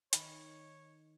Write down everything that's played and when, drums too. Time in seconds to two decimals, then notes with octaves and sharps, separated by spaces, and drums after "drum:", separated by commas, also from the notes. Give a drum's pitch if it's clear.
0.13 D#3 D#4 C#5 B5, drum: hi-hat